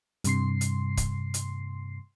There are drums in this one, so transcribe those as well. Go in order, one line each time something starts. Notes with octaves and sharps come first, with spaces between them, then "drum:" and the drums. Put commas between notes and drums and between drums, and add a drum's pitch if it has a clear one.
G2 C3 C6 C7, drum: hi-hat
drum: hi-hat
drum: kick, hi-hat
drum: hi-hat